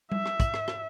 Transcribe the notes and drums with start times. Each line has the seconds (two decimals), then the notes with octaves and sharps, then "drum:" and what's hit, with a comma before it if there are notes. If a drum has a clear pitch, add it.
0.12 E5, drum: tom G3
0.26 drum: rim click
0.40 drum: kick, hi-hat
0.54 drum: rim click
0.68 drum: rim click